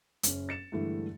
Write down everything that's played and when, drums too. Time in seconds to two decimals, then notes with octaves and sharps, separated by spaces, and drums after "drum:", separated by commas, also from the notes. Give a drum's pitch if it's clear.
0.23 F#1 C#4, drum: hi-hat
0.49 A6 C#7 E7
0.72 G2 D3 E3 G#3 A3